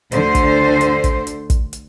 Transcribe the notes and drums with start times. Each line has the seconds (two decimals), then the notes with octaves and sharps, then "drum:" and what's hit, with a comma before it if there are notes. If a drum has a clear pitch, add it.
0.12 D2 D3 C5, drum: hi-hat
0.35 drum: kick, hi-hat
0.81 drum: hi-hat
1.04 drum: kick, hi-hat
1.27 drum: hi-hat
1.50 drum: kick, hi-hat
1.73 drum: hi-hat